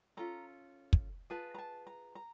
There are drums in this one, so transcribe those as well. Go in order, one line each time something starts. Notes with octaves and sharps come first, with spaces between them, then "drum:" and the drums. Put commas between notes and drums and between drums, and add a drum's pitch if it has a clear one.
C#4 F4 A4 A#5
drum: kick
F4 G#4 B4 A5
A#5
A5
A#5
A#5